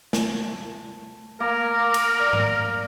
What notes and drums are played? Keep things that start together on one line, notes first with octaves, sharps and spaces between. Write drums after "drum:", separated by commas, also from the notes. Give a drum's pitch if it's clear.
A3, drum: snare
A#3 A#4
drum: cymbal
D5
drum: tom G#2